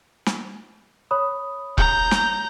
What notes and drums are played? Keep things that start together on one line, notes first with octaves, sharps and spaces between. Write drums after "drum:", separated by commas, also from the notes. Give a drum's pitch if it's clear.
drum: snare
C#5 B5 D#6
A#5 G6, drum: kick E1
drum: snare